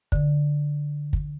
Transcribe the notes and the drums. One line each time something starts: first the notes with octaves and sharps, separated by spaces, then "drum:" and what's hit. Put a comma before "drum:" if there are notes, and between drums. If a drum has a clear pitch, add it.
D3, drum: kick
drum: kick